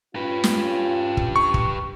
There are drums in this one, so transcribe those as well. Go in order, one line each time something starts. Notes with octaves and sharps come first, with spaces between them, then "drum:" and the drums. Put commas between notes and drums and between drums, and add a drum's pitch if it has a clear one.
C#4 F4 G4 B4
drum: snare
drum: kick
C#6
drum: kick